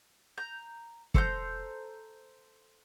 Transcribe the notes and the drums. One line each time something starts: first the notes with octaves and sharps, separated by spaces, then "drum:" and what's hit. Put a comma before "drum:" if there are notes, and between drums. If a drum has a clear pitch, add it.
A#5 G6
A4 C5 A#5 G6, drum: kick